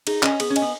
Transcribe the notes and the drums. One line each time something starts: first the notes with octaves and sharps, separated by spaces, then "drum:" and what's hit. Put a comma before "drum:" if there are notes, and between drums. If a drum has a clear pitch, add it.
D#4 G#4, drum: cymbal
C#4 D#5 G#5, drum: clap
B3 G#4, drum: cymbal
C#4
D#5 G#5, drum: cymbal
B3